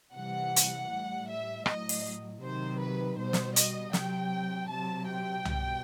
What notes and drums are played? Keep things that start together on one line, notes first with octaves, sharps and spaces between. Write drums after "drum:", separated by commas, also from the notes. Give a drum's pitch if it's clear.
C3 E3 G3 F#5
drum: hi-hat
A2 G3
E5
A2 F#3 D#5, drum: rim click
drum: open hi-hat
C3 D#3 F#3 C5
B4
B2 G3 C5
drum: snare
D#5, drum: hi-hat
C3 F#3 G5, drum: snare
C3 F#3 A5
G5
B2 G3, drum: tom C2